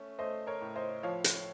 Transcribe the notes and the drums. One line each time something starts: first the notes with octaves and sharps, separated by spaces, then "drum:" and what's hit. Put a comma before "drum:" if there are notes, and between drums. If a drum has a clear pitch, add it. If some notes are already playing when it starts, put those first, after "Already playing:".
Already playing: A3 C#4
A3 C5 D#5
A#4 C#5
A2
C5 D#5
F3 C#5 F5
drum: hi-hat